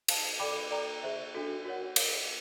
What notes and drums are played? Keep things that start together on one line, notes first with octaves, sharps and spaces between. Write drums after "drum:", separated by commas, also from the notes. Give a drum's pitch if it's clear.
C5 F5 A5, drum: cymbal
A4 D5 G5 B5 D6
A4 D5 G5 A#5
G#4 C5 E5
D4 F#4 A4
F#4 A#4 C#5 F#5
A#4 C#5 F5, drum: cymbal